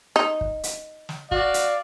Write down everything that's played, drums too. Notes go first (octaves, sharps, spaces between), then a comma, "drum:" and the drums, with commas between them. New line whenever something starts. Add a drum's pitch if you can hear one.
D#4
drum: kick
drum: hi-hat
drum: snare
F#4 D5 F5, drum: kick
drum: hi-hat